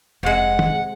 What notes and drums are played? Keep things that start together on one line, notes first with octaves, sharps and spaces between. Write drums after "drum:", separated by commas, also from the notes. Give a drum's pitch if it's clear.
F1 C3 G#3 F#5
drum: tom